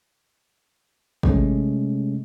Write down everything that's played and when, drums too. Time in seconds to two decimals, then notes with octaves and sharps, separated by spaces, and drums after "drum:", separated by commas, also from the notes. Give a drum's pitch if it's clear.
1.23 C3 G#3 A3 C#4, drum: kick